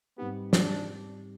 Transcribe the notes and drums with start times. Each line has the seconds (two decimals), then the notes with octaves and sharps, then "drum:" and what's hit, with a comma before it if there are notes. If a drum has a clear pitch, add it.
0.18 G#2 G3 B3 C4 D#4 G4
0.53 D4, drum: snare